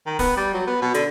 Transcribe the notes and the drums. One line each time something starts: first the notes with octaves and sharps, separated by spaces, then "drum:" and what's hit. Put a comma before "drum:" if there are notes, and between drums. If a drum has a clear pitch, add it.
D#3
B3, drum: kick, open hi-hat
G3
F#3
B3
B2
D3, drum: hi-hat